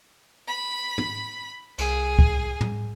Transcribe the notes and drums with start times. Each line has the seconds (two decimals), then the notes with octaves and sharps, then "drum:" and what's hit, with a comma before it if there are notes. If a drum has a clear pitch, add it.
0.47 B5
0.98 drum: tom
1.78 C2 G#4, drum: cymbal
2.19 drum: kick C#2
2.61 drum: tom